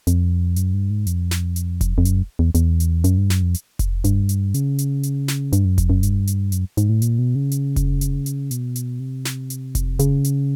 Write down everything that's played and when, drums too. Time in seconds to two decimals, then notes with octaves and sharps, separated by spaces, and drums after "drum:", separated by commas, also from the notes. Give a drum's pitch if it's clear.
0.07 F2, drum: hi-hat
0.56 F#2, drum: hi-hat
0.74 G2
0.90 G#2
1.07 F2, drum: hi-hat
1.31 drum: snare
1.56 drum: hi-hat
1.81 drum: kick F1, hi-hat
1.98 F2
2.05 F#2, drum: hi-hat
2.39 E2
2.55 E2, drum: hi-hat
2.80 drum: hi-hat
3.04 F#2, drum: hi-hat
3.18 G2
3.30 F#2, drum: snare
3.43 F2
3.54 drum: hi-hat
3.79 drum: kick F1, hi-hat
4.04 G2, drum: hi-hat
4.29 drum: hi-hat
4.54 C#3, drum: hi-hat
4.79 drum: hi-hat
5.03 drum: hi-hat
5.28 drum: snare
5.53 G2, drum: hi-hat
5.65 F#2
5.78 F2, drum: kick F1, hi-hat
5.90 F#2
6.03 G2, drum: hi-hat
6.27 drum: hi-hat
6.52 F#2, drum: hi-hat
6.77 G#2, drum: hi-hat
6.89 A2
7.02 A#2, drum: hi-hat
7.19 B2
7.35 C#3
7.51 drum: hi-hat
7.76 drum: kick F1, hi-hat
8.01 drum: hi-hat
8.26 drum: hi-hat
8.51 B2, drum: hi-hat
8.76 drum: hi-hat
9.00 C3
9.25 drum: snare
9.50 drum: hi-hat
9.75 drum: kick F1, hi-hat
9.99 C#3, drum: hi-hat
10.24 drum: hi-hat